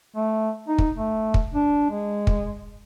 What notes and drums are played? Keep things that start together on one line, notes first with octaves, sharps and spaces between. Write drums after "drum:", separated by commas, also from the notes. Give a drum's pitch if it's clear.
A3
D#4
drum: kick
A3
drum: kick
D4
G#3
drum: kick